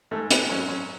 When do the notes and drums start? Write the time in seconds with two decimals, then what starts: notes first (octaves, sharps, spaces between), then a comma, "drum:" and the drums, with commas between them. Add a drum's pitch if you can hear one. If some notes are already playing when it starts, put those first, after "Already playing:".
0.11 G#2 A3
0.31 B3, drum: hi-hat
0.49 F#3 C#4
0.69 C#4